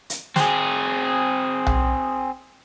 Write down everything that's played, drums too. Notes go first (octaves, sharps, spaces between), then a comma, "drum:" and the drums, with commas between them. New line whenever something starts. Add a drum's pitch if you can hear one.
drum: hi-hat
C4 G#4, drum: snare
drum: tom B1